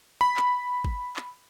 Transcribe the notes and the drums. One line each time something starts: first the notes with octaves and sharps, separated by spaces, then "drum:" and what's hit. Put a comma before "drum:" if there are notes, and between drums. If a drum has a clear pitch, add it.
B5
drum: clap
drum: kick
drum: clap